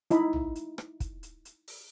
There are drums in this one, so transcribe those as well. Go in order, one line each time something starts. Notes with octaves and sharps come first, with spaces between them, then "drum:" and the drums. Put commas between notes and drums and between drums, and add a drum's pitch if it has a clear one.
D#4 E4 D#5 E5 B5, drum: hi-hat
drum: tom A#1
drum: hi-hat
drum: rim click
drum: kick, hi-hat
drum: hi-hat
drum: hi-hat
drum: open hi-hat